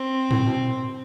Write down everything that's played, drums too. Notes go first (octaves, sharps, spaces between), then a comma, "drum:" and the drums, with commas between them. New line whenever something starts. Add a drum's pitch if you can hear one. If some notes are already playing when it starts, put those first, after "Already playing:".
Already playing: C4
A2, drum: tom A#2
B2